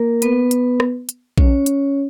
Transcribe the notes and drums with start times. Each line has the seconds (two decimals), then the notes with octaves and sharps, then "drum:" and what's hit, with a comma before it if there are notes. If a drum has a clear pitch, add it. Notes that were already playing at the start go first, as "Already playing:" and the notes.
Already playing: A#3 A#4
0.22 B3 B4, drum: hi-hat
0.51 drum: hi-hat
0.80 drum: rim click
1.09 drum: hi-hat
1.38 C#4 C#5, drum: kick A#1
1.66 drum: hi-hat